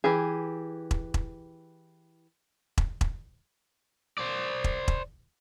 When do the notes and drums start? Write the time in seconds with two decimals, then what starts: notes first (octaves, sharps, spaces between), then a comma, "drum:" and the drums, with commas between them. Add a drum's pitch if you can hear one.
0.04 E3 G4 G#4
0.91 drum: kick E1
1.14 drum: kick E1
2.78 drum: kick E1
3.01 drum: kick E1
4.18 C5 D5
4.64 drum: kick E1
4.88 drum: kick E1